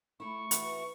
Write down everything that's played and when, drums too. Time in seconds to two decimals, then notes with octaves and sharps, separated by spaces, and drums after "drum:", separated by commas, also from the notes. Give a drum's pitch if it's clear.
0.20 A3 E4 C#6
0.51 E3 F#4, drum: hi-hat